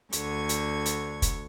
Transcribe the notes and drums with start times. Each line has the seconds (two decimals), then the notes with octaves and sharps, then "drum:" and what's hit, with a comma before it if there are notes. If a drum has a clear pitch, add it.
0.12 D2 D3 C#6 G#6, drum: hi-hat
0.49 drum: hi-hat
0.86 drum: hi-hat
1.22 drum: kick, hi-hat